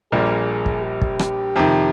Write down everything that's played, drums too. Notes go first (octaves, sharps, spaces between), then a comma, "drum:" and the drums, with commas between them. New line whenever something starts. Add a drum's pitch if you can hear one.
A#1 A#2 G3 A#3 G#4
drum: kick
G4
drum: kick
drum: rim click
F2 C3 D#3